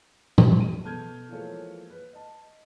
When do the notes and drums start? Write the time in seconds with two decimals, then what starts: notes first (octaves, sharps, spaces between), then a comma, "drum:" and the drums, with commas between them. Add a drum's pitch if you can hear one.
0.38 D2 G#3, drum: tom
0.60 D#7
0.84 B2 A4 A5 F6 G6 G#6
1.29 E3 F3 G#3 A#3 A4 C#5
1.90 B4
2.13 D#5 A5